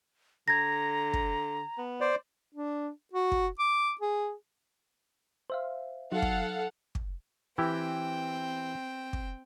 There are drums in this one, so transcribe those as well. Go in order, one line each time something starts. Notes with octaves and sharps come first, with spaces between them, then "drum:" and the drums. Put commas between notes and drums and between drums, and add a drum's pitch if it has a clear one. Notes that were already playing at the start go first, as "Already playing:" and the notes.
D3 A#5 G#6 A#6
drum: kick
B3
C5 D5
D4
F#4
drum: kick
D6
G#4
C5 E5 F5
F#3 D#4 A4 F5 F#5
drum: kick
drum: kick
E3 C4 E4 G4 G5
drum: kick